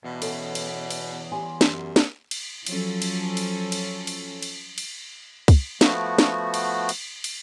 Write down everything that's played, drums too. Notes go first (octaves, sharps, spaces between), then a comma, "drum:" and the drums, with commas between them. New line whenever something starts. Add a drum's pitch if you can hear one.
E2 B2
C#4 A4, drum: cymbal
drum: cymbal
drum: cymbal
G3 G#5 C6
drum: snare
F#2
drum: snare
drum: cymbal
F3 F#3 C#4 A4, drum: cymbal
drum: cymbal
drum: cymbal
drum: cymbal
drum: cymbal
drum: cymbal
drum: cymbal
drum: kick, cymbal
F3 A3 B3 F#4, drum: snare
drum: snare
drum: cymbal
drum: cymbal
drum: cymbal